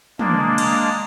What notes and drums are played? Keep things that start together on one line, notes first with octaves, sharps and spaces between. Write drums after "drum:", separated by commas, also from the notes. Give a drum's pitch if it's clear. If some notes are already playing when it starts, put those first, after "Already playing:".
G#3 A#3 D4, drum: tom
drum: cymbal